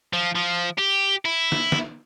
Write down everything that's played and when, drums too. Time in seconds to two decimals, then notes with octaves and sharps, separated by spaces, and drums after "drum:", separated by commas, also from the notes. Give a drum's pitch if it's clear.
0.13 F3
0.35 F3
0.78 G4
1.25 E4
1.52 drum: snare
1.72 drum: snare